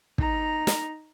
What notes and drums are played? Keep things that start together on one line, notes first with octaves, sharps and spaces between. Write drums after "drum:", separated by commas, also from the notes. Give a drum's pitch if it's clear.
D#4 A#5, drum: kick
drum: snare